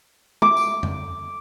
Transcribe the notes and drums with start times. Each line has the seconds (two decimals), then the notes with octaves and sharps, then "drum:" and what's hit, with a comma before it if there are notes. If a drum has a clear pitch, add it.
0.42 D6, drum: tom G#3
0.57 drum: tambourine
0.83 drum: tom F2